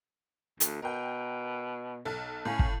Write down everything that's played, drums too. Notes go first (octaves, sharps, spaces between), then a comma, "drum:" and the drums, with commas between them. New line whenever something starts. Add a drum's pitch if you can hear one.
D2, drum: hi-hat
B2 A#4 G5
B1 A4
A2 C#4 F5
drum: kick